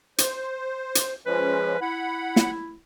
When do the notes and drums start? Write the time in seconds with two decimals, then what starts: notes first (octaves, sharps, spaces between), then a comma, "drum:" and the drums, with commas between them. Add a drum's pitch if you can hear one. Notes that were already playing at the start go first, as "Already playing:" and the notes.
0.18 C5, drum: hi-hat
0.95 drum: hi-hat
1.26 F3 G#3 C#4 B4
1.81 E4 F#5 B5
2.36 drum: snare